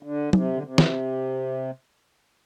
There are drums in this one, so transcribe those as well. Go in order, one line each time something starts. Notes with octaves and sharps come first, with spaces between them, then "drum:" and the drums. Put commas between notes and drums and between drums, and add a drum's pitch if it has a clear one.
D3
C3, drum: tom F#3
D3
C3
drum: snare